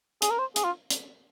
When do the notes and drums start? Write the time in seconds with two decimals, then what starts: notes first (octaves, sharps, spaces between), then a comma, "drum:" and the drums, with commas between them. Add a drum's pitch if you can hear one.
0.22 G#4, drum: hi-hat
0.30 A#4
0.39 C5
0.56 G#4, drum: hi-hat
0.64 F4
0.90 drum: hi-hat